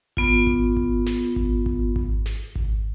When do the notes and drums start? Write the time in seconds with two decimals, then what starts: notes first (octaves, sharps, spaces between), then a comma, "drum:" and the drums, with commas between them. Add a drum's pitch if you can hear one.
0.17 B3 F4, drum: kick G#1
0.47 drum: kick G#1
0.77 drum: kick G#1
1.06 drum: snare
1.36 drum: kick G#1
1.66 drum: kick G#1
1.96 drum: kick G#1
2.26 drum: snare
2.56 drum: kick G#1